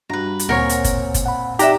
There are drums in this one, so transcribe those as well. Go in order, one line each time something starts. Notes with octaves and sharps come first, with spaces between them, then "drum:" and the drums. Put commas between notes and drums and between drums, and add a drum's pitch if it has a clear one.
G2 F#4 B4 A#5
drum: hi-hat
D2 A#2 C4 A#4 C#5 F#5 G#5
drum: hi-hat
drum: kick, hi-hat
drum: kick, hi-hat
F#5 B5
D#4 G4 D5 E5 F#5 A#5, drum: hi-hat